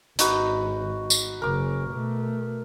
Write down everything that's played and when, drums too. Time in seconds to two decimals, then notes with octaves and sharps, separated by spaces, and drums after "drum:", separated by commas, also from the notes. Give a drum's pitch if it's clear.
0.19 G#1 D#4 F#4 B4, drum: hi-hat
1.10 drum: tambourine
1.42 F#1 C#3 A#4 D6
1.90 B2 A3